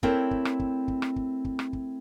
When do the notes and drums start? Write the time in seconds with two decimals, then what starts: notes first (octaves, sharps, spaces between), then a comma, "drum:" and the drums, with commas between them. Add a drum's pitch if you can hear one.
0.03 A3 C4 E4 A#4 C#5 G5, drum: kick
0.31 drum: kick
0.45 drum: rim click
0.59 drum: kick
0.88 drum: kick
1.02 drum: rim click
1.16 drum: kick
1.45 drum: kick
1.59 drum: rim click
1.73 drum: kick